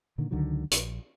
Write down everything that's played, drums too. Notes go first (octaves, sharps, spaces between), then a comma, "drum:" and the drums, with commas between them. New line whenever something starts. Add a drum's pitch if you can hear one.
A#2 D3 D#3
C#2 D3 D#3 F#3
A#1, drum: hi-hat